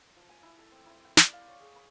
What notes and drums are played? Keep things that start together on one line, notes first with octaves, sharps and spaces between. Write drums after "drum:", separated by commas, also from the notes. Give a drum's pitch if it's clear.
F3
G#5
E4
A4
C4
E4
G5
D5, drum: snare
F5
C#5
G#4
B5